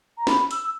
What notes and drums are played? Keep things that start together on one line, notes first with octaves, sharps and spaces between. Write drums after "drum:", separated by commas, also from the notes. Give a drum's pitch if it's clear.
A#5
B5, drum: snare
E6, drum: hi-hat